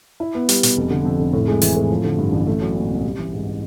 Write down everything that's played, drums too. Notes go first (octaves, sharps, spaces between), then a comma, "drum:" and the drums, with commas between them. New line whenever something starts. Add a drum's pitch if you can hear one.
E4
B3
G3, drum: hi-hat
B2, drum: hi-hat
F1
D3
F2
F1
A2
G#3
E3, drum: open hi-hat
A2
F3
D3
G2
A1
A3
F#3
A#2
C2
G3
E3
G#2